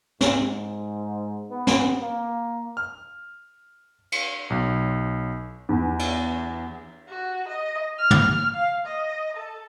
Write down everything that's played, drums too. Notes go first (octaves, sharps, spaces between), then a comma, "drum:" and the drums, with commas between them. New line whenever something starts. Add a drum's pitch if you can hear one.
G#2, drum: snare
B3
drum: snare
A#3
F6
drum: cymbal
B1
E2
drum: cymbal
F#4
D#5
F6
drum: tom
F5
D#5
A4